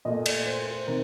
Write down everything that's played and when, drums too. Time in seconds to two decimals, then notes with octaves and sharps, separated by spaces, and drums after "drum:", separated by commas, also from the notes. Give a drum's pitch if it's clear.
0.05 A#2 A3 D#5
0.26 D5, drum: cymbal
0.46 C5
0.66 C5
0.87 C3 D#3 A#4